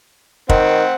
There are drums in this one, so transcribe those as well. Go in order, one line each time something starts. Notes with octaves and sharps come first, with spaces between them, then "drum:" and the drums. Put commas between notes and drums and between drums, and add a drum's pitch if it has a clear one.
D#3 C4 F#5, drum: kick